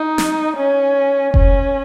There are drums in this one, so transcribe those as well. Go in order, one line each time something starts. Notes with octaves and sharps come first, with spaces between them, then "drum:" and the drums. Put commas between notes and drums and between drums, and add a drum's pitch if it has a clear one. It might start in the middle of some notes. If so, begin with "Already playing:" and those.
Already playing: D#4
drum: snare
C#4
C#4, drum: kick F1